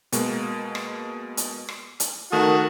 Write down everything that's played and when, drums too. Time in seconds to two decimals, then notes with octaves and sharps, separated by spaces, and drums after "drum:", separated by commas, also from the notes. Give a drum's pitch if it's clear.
0.12 B2 G#3 A#3, drum: hi-hat
0.75 drum: rim click
1.37 drum: hi-hat
1.69 drum: rim click
2.00 drum: hi-hat
2.32 D#3 A3 F#4 A#4 A5 D#6